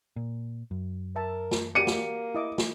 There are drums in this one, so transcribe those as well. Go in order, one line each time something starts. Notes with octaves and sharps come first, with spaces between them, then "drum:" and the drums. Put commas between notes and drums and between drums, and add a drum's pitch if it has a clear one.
A#2
F#2
A#4 E5 A5
drum: snare
A#3 F#4 G4 D5 C#7 D#7
drum: snare
E4 D#5 D6
drum: snare